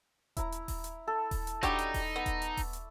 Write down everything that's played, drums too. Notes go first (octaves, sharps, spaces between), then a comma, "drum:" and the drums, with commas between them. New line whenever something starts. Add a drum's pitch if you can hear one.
E4 A#5, drum: kick D#1, hi-hat
drum: hi-hat
drum: kick D#1, open hi-hat
drum: hi-hat
A4
drum: kick D#1, open hi-hat
drum: hi-hat
F#3 D4 D#4 G4 D5 B5 C#6, drum: kick D#1, hi-hat
drum: hi-hat
drum: kick D#1, open hi-hat
B3
drum: kick D#1, hi-hat
drum: hi-hat
drum: kick D#1, open hi-hat
drum: hi-hat